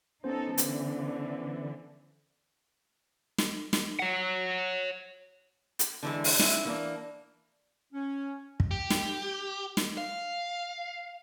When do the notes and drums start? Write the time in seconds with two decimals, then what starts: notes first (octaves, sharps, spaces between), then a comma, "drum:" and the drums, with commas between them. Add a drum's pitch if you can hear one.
0.24 B3 C#4 D#4 A4 C5
0.58 D3 E3, drum: hi-hat
3.39 drum: snare
3.73 drum: snare
3.99 C#5 F#5
5.79 drum: hi-hat
6.03 D3 E3 G#3
6.24 drum: open hi-hat
6.40 C#4 E4, drum: snare
6.65 E3 A#3 D4
7.93 C#4
8.60 drum: kick
8.71 G4
8.91 drum: snare
9.77 drum: snare
9.97 F5